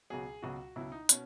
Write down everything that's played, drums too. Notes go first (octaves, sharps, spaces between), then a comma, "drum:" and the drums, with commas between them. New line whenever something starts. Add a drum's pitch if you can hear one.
C#2 B2 F#3 G#4
C#2 B2 F#3 F#4
C#2 B2 F#3 E4
D#4
B2 C#4, drum: hi-hat